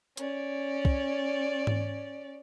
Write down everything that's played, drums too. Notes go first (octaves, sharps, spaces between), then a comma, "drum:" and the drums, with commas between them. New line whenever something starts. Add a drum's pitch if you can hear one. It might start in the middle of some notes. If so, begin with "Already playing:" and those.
C#4 D5, drum: hi-hat
drum: kick
drum: tom G#2